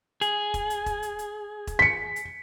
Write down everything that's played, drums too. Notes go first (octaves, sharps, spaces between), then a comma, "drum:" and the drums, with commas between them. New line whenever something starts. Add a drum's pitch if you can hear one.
G#4, drum: hi-hat
drum: kick E1, hi-hat
drum: hi-hat
drum: kick E1, hi-hat
drum: hi-hat
drum: hi-hat
drum: kick E1, hi-hat
B6 C#7
drum: hi-hat